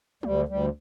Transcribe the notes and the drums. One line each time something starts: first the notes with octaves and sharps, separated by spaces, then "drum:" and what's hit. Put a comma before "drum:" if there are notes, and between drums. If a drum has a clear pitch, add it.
D2 G3, drum: tom
D2 G3